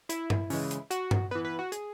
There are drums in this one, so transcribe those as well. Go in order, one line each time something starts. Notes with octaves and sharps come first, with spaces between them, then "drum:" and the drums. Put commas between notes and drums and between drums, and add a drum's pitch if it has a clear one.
E4, drum: hi-hat
drum: tom G2
C#3 E3 G#3, drum: open hi-hat
drum: hi-hat
F#4, drum: hi-hat
drum: tom G2
E3 B3 B4
B4
F#4
G#4, drum: hi-hat